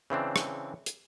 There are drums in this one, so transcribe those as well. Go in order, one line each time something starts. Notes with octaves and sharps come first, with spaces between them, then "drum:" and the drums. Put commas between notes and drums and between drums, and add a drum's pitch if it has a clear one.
C#3 E3 C4 D4
drum: rim click
drum: hi-hat